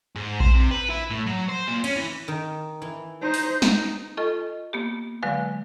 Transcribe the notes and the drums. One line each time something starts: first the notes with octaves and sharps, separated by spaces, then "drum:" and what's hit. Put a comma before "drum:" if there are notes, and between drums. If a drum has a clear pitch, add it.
G#2
C5, drum: kick A#1
C3
B4
E4
A2
F#3
C5
A#2
C#4, drum: cymbal
E3
D#3 D#4
E3
D#4 C5
drum: open hi-hat
D#4, drum: snare
F4 A4 D#5 C#6
A#3 B3 G4
D3 F#3 G#3 B4 F5 G#5